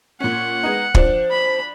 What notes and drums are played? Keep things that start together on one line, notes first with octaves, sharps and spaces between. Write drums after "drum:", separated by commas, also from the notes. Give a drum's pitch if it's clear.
A#2 C#4 F#5
G#3 B3 D#4
F3 D4 C5, drum: kick
B5